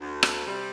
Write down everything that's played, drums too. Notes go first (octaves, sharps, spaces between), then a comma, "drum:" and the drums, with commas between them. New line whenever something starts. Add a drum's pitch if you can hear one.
D2
drum: rim click
C3 G3